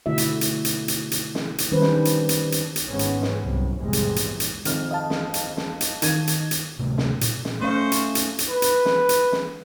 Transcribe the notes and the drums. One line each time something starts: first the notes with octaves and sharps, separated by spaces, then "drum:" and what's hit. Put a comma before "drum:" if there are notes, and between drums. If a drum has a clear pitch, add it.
B2 D3 A3 E4 F#4 E5
drum: hi-hat
drum: hi-hat
drum: hi-hat
drum: hi-hat
drum: hi-hat
drum: snare
drum: hi-hat
D#3 G3 C#4 D4 B4 C5
drum: snare
drum: hi-hat
drum: hi-hat
drum: hi-hat
drum: hi-hat
G#1 G#3 B3 C#4
drum: hi-hat
drum: snare
C2 F#2
A#1 E2 G#2 C3 G3 G#3
drum: hi-hat
drum: hi-hat
drum: hi-hat
G#1 F2 F6, drum: hi-hat
D#5 F5 A5
drum: snare
drum: hi-hat
drum: snare
drum: hi-hat
D#3 G#6 D#7, drum: hi-hat
drum: hi-hat
drum: hi-hat
D1 A2 C3 A3
drum: snare
A#2, drum: hi-hat
drum: snare
A3 C#4 C5 D#5 F5 C#6
drum: hi-hat
drum: hi-hat
drum: hi-hat
B4
drum: hi-hat
drum: snare
drum: hi-hat
drum: snare